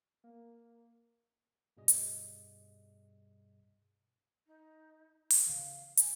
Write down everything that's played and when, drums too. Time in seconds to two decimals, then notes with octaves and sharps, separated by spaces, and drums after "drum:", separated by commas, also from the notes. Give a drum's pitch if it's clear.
0.24 A#3
1.77 G2 B2 G3 G#4 D#5 D#6
1.88 drum: hi-hat
4.47 D#4
5.30 drum: open hi-hat
5.46 C#3 E3 F5
5.97 G#5, drum: hi-hat